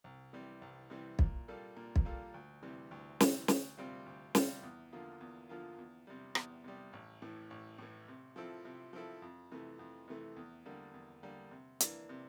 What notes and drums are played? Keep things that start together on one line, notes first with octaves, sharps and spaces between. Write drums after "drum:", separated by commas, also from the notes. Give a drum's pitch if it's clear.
C2
C3 E3 G3
C2
C3 E3 G3
A#2, drum: kick
G3 A#3 F4 A4
A#2
drum: kick
G3 A#3 F4 A4
D2
C3 E3 G3
D2
C3 E3 G3, drum: snare
D2, drum: snare
C3 G3 C4 F4
D2
C3 G3 C4 F4, drum: snare
E2
D3 F3 A#3 F4
E2
D3 F3 A#3 F4
E2
C3 G3
E2, drum: rim click
C3 G3
A1
A2 E3
A1
A2 E3
C3
F3 C4 E4 A4
C3
F3 C4 E4 A4
F2
C3 E3 A3
F2
C3 E3 A3
E2
D3 G3 A#3
E2
D3 G3 A#3
C3
E3 A#3 D4, drum: hi-hat
C3